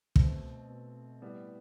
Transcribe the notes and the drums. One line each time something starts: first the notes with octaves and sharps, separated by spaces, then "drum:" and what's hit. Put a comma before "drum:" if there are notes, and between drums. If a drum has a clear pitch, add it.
B2 A3 C4, drum: kick
B2
A2 G3 B3